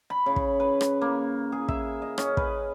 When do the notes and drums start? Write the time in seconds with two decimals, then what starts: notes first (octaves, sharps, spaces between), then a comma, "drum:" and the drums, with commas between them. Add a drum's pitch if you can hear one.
0.10 B5
0.26 C#3
0.36 drum: kick
0.60 B4
0.81 drum: rim click
1.02 A#3
1.52 G#4
1.69 E5, drum: kick
2.02 D#5
2.18 C#4, drum: rim click
2.37 B4, drum: kick